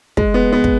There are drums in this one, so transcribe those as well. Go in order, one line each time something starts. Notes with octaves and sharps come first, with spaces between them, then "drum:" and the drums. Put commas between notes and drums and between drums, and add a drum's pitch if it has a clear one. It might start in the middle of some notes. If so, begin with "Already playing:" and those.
G#3, drum: kick
B3
B3
drum: kick